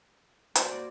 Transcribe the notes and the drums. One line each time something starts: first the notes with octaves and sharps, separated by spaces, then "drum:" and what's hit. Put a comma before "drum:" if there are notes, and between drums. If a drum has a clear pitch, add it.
G3 A#3 F#4 C5 D5, drum: hi-hat